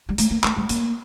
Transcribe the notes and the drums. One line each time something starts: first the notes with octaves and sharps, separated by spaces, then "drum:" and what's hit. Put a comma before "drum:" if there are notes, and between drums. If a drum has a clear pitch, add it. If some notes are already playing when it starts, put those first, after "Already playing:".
G3
A3, drum: hi-hat
A#3
A3, drum: clap
G3
A#3, drum: hi-hat